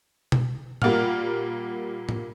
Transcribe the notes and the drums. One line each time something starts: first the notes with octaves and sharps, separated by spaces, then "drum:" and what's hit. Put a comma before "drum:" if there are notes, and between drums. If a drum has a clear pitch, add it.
drum: tom B2
A#2 G3 A#3 F#5 F6, drum: tom A2
drum: tom A2